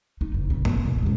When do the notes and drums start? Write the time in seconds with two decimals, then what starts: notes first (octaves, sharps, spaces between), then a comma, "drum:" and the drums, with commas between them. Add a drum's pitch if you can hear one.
0.21 D#4
0.34 F#1
0.50 C#3
0.65 A#3, drum: tom G#2
0.85 E1
1.03 F#2 G#3